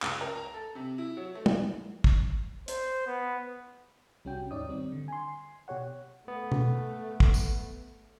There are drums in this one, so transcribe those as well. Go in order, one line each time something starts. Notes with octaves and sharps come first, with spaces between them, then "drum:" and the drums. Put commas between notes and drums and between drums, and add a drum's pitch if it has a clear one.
C#2, drum: clap
A#4
A#5
A4
C3
E4
F#3
A3
drum: tom
drum: kick
C5, drum: hi-hat
B3
C2 G3 C#4 F#4 G5
D#2 G#2 D#4 C#5 D5 D#6
D#3 G3 C4
D3
G#5 C6
B2 G4 C#5 F#5
A3 B3
drum: tom
drum: kick
drum: tambourine